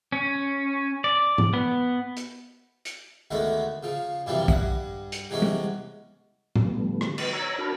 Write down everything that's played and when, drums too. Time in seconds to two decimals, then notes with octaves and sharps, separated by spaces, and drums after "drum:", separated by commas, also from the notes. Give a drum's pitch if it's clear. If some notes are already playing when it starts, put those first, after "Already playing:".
0.12 C#4
1.04 D5
1.38 drum: tom G#2
1.54 B3
2.17 drum: hi-hat
2.85 drum: hi-hat
3.31 D2 D#3 G#3 A3 B3
3.83 C#3 F3
4.26 F#2 C3 E3 F3 G3
4.48 G2 F#5, drum: kick
5.12 drum: hi-hat
5.30 C3 E3 G#3 B3 C#4
5.42 drum: tom
6.56 drum: tom A2
6.65 D3 F3 G3 A3 B3
7.01 drum: rim click
7.18 B4, drum: cymbal
7.33 C#5 A#5 E6 G#6 A#6
7.58 D4 F#4 A#4 A5 B5 F6